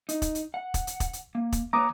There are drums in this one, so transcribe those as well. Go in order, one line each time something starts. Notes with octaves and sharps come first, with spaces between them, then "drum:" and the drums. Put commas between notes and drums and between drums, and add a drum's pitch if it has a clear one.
D#4, drum: hi-hat
drum: kick, hi-hat
drum: hi-hat
F#5
drum: kick, hi-hat
drum: hi-hat
drum: kick, hi-hat
drum: hi-hat
A#3
drum: kick, hi-hat
A#3 B4 C#5 A#5 D6 D#6